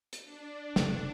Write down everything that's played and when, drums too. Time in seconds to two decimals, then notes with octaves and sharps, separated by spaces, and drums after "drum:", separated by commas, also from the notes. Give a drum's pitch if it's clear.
0.13 drum: hi-hat
0.24 D4
0.76 F#1 C3, drum: snare